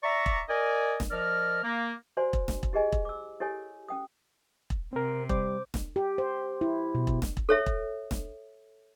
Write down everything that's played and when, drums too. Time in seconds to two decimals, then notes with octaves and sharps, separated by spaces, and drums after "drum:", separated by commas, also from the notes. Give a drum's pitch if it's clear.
0.03 D5 E5 A#5 C#6
0.26 drum: kick E1
0.49 A#4 D5 D#5 G#5
1.00 drum: snare E1
1.11 F3 A#4 D5 D#5 F6
1.63 A#3
2.17 F#4 C5 D5 G#5 C6
2.33 drum: kick E1
2.48 drum: snare E1
2.63 drum: kick E1
2.73 E4 G4 G#4 D#5 G#5
2.92 drum: kick E1
3.05 D6 E6
3.40 E4 G4 A4 C#5 G#5
3.89 C#4 G5 D#6
4.70 drum: kick E1
4.93 C3 C4 A#4
5.29 G3 C5 D6, drum: kick E1
5.74 drum: snare E1
5.96 G4
6.18 C5
6.61 E4
6.95 B2
7.07 drum: kick E1
7.22 drum: snare E1
7.37 drum: kick E1
7.49 A4 C#5 E5
7.66 drum: kick E1
8.11 drum: snare E1